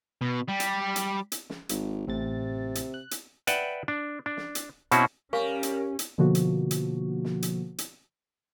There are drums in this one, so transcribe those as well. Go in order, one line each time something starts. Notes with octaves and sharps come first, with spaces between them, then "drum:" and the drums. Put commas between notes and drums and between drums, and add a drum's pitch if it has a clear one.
B2
G3
drum: hi-hat
drum: hi-hat
drum: hi-hat
drum: snare
G#1, drum: hi-hat
A1 A2 C3 A6
drum: hi-hat
F#6
drum: hi-hat
B4 D5 E5 F#5 G5, drum: hi-hat
D4
D4
drum: snare
drum: hi-hat
B2 C4 C#4 E4 F#4, drum: hi-hat
G3 C#4 A#4 F5 G#5 C#6
drum: hi-hat
drum: hi-hat
B2 D3 F3 A#3 F#4
drum: hi-hat
drum: hi-hat
drum: snare
drum: hi-hat
drum: hi-hat